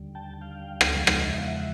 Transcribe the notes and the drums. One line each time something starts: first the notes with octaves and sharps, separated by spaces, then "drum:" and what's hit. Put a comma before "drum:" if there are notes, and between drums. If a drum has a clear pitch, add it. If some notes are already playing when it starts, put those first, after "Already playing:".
Already playing: D#2 D3 G3
G5 A5
F5 G5
drum: rim click
E2 C#3 F3 G#3
drum: rim click
D#5
E5
F5
E5 F#5